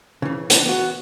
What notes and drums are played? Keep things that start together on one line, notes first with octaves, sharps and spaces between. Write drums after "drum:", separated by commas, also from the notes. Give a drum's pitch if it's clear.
C#3 E3
E3 B3 D4, drum: hi-hat
B3 F#4